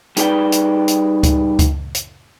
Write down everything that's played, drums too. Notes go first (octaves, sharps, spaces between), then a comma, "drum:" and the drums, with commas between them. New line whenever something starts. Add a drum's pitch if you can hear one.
G3 D#4 G#4 B4 D5 G5, drum: hi-hat
drum: hi-hat
drum: hi-hat
drum: kick C#2, hi-hat
drum: kick C#2, hi-hat
drum: hi-hat